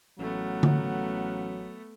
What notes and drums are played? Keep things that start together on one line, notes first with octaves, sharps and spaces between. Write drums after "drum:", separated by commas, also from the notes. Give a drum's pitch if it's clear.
A1 F#3 A3 B3 A#4 F5 F#5
drum: tom D3